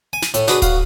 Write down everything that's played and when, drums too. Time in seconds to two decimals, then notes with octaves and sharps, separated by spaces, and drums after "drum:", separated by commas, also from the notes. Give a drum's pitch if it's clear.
0.13 G#5
0.22 drum: snare
0.34 A2 A3, drum: hi-hat
0.48 D4 F#4 G#4 B4, drum: snare
0.62 F#4 F5, drum: kick D1, hi-hat